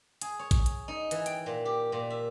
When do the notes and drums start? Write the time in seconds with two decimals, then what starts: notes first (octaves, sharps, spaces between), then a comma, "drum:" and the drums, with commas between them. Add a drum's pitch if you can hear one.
0.22 G#4, drum: hi-hat
0.39 C#5
0.51 drum: kick, hi-hat
0.66 drum: hi-hat
0.88 D#4
1.11 E3, drum: hi-hat
1.26 G5, drum: hi-hat
1.46 A#2
1.65 G4
1.92 A#2
2.10 E5